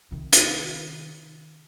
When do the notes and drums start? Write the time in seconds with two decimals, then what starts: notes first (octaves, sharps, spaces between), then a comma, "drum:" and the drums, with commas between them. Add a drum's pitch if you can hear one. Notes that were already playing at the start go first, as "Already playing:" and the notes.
0.11 C3 D#3
0.33 drum: hi-hat